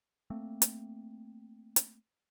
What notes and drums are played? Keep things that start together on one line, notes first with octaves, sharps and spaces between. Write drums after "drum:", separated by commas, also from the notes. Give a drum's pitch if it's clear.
A3 A#3 C4
drum: hi-hat
drum: hi-hat